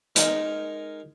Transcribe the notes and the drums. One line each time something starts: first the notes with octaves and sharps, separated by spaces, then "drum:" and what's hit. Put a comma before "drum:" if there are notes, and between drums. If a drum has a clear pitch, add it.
G#3 D#4 A#4, drum: hi-hat